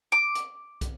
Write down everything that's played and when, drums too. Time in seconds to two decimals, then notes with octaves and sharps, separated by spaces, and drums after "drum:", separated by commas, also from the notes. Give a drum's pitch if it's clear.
0.12 D6
0.35 drum: hi-hat
0.81 drum: kick, hi-hat